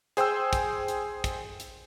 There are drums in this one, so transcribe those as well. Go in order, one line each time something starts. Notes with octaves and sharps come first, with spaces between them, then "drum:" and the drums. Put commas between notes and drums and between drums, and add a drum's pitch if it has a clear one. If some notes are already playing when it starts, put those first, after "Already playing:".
G#4 C5 G5 G#5 E6 G6, drum: hi-hat
drum: kick, hi-hat
drum: hi-hat
drum: kick, hi-hat
drum: hi-hat